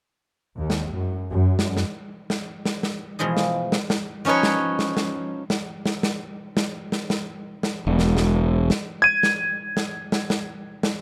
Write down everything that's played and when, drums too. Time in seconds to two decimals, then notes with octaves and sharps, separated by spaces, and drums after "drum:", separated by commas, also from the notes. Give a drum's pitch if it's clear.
0.57 D#2
0.70 drum: snare
0.93 F#2
1.31 F#2
1.59 drum: snare
1.77 drum: snare
2.30 drum: snare
2.65 drum: snare
2.83 drum: snare
3.19 B2 E3 F3 G#3 G#4
3.37 drum: snare
3.72 drum: snare
3.90 drum: snare
4.25 F3 C#4 D#4 B4 C#5
4.43 drum: snare
4.79 drum: snare
4.97 drum: snare
5.50 drum: snare
5.86 drum: snare
6.03 drum: snare
6.57 drum: snare
6.92 drum: snare
7.10 drum: snare
7.63 drum: snare
7.87 E1
7.99 drum: snare
8.17 drum: snare
8.70 drum: snare
9.02 G#6 D#7
9.23 drum: snare
9.77 drum: snare
10.12 drum: snare
10.30 drum: snare
10.83 drum: snare